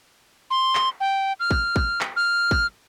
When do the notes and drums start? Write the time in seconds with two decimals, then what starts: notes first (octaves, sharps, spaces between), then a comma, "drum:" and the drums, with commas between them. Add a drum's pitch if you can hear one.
0.50 C6
0.75 drum: clap
1.00 G5
1.40 F6
1.51 drum: kick
1.76 drum: kick
2.01 drum: clap
2.16 F6
2.51 drum: kick